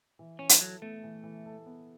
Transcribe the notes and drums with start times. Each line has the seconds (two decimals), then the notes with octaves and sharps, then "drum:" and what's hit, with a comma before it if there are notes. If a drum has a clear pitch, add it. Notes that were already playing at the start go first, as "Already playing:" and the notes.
0.19 E3
0.39 E3 C#4
0.49 drum: hi-hat
0.60 F#3 A4
0.82 A3 B3
1.04 E3
1.24 E3
1.46 A4
1.66 B3